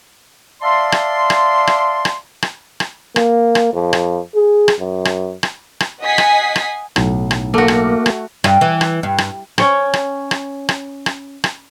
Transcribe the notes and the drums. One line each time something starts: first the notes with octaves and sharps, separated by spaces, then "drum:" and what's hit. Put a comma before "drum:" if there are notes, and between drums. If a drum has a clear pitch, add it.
D5 E5 F5 A5 C6
drum: rim click
drum: rim click
drum: rim click
drum: rim click
drum: rim click
drum: rim click
A#3, drum: rim click
drum: rim click
F2
drum: rim click
G#4
drum: rim click
F#2
drum: rim click
drum: rim click
drum: rim click
D#5 F#5 G#5 D#6 B6 C7
drum: rim click
drum: rim click
B1 A2, drum: rim click
drum: rim click
A3 A#3 F#4
drum: rim click
drum: rim click
G2, drum: rim click
E3
drum: rim click
G2
drum: rim click
C#4 C#5 G5, drum: rim click
drum: rim click
drum: rim click
drum: rim click
drum: rim click
drum: rim click